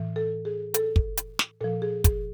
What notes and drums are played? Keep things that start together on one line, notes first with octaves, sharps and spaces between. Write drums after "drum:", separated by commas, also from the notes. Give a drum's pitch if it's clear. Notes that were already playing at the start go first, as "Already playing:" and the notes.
Already playing: A2 E3
A4
G#4
A4, drum: hi-hat
drum: kick
drum: hi-hat
drum: snare
A#2 F3 A4
G#4
G#4, drum: kick, hi-hat